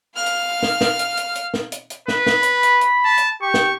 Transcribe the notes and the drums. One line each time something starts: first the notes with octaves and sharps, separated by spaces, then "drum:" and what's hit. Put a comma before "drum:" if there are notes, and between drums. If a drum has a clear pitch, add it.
F5 F6
drum: hi-hat
drum: snare
drum: snare
drum: hi-hat
drum: hi-hat
drum: hi-hat
drum: snare
drum: hi-hat
drum: hi-hat
B4, drum: snare
drum: snare
B5, drum: hi-hat
drum: hi-hat
drum: hi-hat
A5
drum: hi-hat
G4 C#6
drum: snare